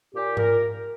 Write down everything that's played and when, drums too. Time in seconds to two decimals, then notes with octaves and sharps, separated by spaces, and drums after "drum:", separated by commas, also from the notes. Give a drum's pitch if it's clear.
0.14 A#2 G4
0.37 A#2 A#4, drum: tom G#2